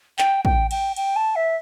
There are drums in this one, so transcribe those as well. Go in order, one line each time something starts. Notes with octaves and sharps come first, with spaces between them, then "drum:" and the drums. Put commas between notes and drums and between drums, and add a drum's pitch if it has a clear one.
G5, drum: clap
G5, drum: kick
G5, drum: cymbal
G5, drum: cymbal
A5
E5